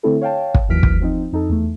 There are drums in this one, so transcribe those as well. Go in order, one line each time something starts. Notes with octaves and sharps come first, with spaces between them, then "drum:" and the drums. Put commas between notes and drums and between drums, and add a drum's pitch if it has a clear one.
D3 A3 C4 E4 A4
C#5 F5 G5 A5
drum: kick
D#2 E3 F#3 F6 B6 D7
drum: kick
F3 C4 D#4
F2 D#4 A4
E2 A3